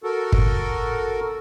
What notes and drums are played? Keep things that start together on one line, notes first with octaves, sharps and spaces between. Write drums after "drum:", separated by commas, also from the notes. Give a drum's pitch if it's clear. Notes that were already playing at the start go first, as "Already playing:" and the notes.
F#4 A4 A#4
drum: kick